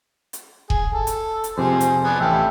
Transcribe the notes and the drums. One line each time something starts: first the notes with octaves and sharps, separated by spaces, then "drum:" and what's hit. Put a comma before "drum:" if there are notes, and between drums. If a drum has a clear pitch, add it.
drum: hi-hat
G#4, drum: kick E1
A4
drum: hi-hat
drum: hi-hat
F2 C3 G#4 C5
drum: hi-hat
B3 D4 G#5
A1 G4 A4 E5 F6